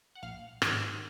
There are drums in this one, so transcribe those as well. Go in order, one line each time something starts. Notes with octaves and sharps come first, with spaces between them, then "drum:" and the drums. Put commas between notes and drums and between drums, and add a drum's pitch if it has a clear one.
F#5
A#1 F5
G#2 D#3, drum: rim click